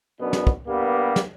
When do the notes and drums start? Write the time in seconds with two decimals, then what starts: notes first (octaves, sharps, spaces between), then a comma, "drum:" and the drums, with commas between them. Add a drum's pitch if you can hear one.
0.19 F#2 B2 B3 D4
0.33 drum: snare
0.47 drum: kick
0.67 G2 G3 A#3 B3
1.16 drum: snare